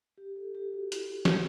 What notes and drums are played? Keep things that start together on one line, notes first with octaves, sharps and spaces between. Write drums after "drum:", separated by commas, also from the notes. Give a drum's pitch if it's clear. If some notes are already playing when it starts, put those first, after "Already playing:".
G4
A4
G4
F#4
E4, drum: hi-hat
drum: snare